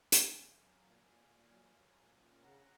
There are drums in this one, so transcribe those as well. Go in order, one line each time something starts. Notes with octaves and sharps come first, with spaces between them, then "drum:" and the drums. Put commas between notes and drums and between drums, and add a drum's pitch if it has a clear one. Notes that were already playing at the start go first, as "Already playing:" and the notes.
G#3 F5 G#5, drum: hi-hat
C#3
F#3
A#2
A#2
A#2
F#3
F#3
A#2
C#4
C#3 F#5 A#5